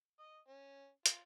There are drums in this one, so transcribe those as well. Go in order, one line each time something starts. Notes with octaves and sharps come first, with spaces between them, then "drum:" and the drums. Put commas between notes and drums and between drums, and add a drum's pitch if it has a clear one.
D#5
C#4
F4, drum: hi-hat